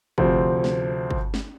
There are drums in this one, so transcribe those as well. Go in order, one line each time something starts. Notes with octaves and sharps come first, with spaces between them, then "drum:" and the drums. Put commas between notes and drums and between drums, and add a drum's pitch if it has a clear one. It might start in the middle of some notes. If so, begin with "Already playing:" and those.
D2 C3 F3 C4, drum: kick G1
drum: snare
drum: kick G1
drum: snare